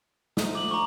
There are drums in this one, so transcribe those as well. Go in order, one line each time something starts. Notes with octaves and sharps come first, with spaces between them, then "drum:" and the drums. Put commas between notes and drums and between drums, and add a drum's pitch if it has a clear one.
D2 F3 D#4, drum: snare
D6 F#7
A#5 C#6